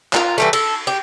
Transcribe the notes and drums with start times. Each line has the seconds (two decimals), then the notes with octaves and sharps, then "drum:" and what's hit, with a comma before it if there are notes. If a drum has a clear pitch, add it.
0.13 F4 A#4, drum: clap
0.38 E3 G3 A3
0.53 A4, drum: cymbal
0.87 G4